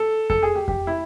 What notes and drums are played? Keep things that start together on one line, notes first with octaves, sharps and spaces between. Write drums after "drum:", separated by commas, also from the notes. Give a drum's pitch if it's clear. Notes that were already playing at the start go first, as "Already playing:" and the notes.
Already playing: A4
A4, drum: kick F2
G#4
G4
G4, drum: kick F2
E4